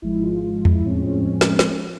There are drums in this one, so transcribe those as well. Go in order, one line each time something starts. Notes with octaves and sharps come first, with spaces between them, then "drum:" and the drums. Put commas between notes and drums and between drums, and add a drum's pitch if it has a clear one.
G#1 G#2 F3 G#3 E4
F4
F4
E4, drum: tom E2
A2 F3 G#3 C4 C#4
C#4
drum: snare
drum: snare